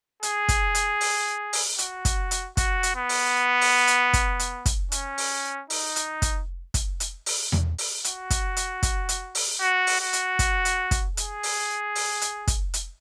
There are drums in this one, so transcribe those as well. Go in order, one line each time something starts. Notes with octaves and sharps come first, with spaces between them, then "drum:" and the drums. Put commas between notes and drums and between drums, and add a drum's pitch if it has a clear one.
G#4, drum: hi-hat
drum: kick, hi-hat
drum: hi-hat
drum: open hi-hat
drum: open hi-hat
F#4, drum: hi-hat
drum: kick, hi-hat
drum: hi-hat
F#4, drum: kick, hi-hat
drum: hi-hat
B3
drum: open hi-hat
drum: open hi-hat
drum: hi-hat
drum: kick, hi-hat
drum: hi-hat
drum: kick, hi-hat
C#4, drum: hi-hat
drum: open hi-hat
D#4, drum: open hi-hat
drum: hi-hat
drum: kick, hi-hat
drum: kick, hi-hat
drum: hi-hat
drum: open hi-hat
drum: tom E2
drum: open hi-hat
F#4, drum: hi-hat
drum: kick, hi-hat
drum: hi-hat
drum: kick, hi-hat
drum: hi-hat
drum: open hi-hat
F#4
drum: open hi-hat
F#4
drum: hi-hat
drum: kick, hi-hat
drum: hi-hat
drum: kick, hi-hat
G#4, drum: hi-hat
drum: open hi-hat
drum: open hi-hat
drum: hi-hat
drum: kick, hi-hat
drum: hi-hat